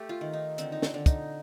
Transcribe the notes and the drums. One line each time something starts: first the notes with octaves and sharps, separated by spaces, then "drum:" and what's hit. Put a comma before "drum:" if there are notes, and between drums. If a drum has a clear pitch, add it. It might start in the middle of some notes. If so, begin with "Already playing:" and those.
Already playing: A3 G4 A4
F4
D#3
D#4
D3 C4, drum: hi-hat
D#4
D4, drum: snare
D3
D#4, drum: kick, hi-hat